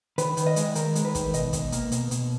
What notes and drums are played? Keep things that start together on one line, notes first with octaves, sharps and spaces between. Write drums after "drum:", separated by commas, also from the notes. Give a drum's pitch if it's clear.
D#3 B4, drum: hi-hat
D#3, drum: hi-hat
D#5
G#3, drum: hi-hat
D#3 A#4, drum: hi-hat
G#3, drum: hi-hat
B4
D#3, drum: kick, hi-hat
B2 D#5, drum: hi-hat
B2, drum: kick, hi-hat
A#3, drum: hi-hat
B2, drum: hi-hat
B2, drum: hi-hat